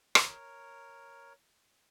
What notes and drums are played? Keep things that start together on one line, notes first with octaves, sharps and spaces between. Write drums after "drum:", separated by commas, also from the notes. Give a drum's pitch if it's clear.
A#4 C#5, drum: rim click